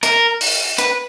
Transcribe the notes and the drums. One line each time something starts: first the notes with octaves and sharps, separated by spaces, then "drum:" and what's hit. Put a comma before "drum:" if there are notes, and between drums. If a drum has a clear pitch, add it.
A#4, drum: hi-hat
drum: open hi-hat
B4, drum: hi-hat